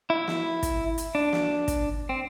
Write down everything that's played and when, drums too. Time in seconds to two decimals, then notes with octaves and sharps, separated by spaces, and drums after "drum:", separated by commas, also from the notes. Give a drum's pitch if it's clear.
0.10 E4
0.28 drum: snare
0.63 drum: kick, hi-hat
0.98 drum: hi-hat
1.15 D4
1.33 drum: snare
1.68 drum: kick, hi-hat
2.09 C4